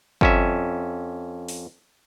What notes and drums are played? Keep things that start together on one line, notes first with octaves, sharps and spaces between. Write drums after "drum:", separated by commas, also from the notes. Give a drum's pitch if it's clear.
F2 C#4 E5, drum: kick G1
drum: open hi-hat